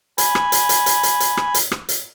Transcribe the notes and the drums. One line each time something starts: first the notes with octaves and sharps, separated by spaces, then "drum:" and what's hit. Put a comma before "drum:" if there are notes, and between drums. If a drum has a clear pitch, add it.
G#5 B5, drum: hi-hat
drum: rim click
drum: hi-hat
drum: hi-hat
drum: hi-hat
drum: hi-hat
drum: hi-hat
drum: rim click
drum: hi-hat
drum: rim click
drum: hi-hat